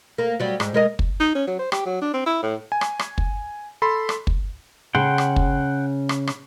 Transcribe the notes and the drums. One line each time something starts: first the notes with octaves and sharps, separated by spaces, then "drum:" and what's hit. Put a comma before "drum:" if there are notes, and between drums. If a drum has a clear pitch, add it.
A#3
F#3 G3
G#2, drum: rim click
G#3 A#4 D#5
drum: kick
D#4
C#4
F#3
C5
G4, drum: rim click
F#3
D4
C4
E4
A2
G#5
drum: rim click
drum: rim click
drum: kick
A4 B5 C6
drum: rim click
drum: kick
C#3 F#5 G5 C6
drum: rim click
drum: kick
drum: rim click
drum: rim click